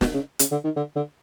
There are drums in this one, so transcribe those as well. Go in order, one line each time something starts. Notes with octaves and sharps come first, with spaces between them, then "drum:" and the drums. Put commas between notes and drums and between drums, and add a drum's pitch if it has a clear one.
B2, drum: snare
C#3
C#3, drum: hi-hat
D3
D#3
D3
D3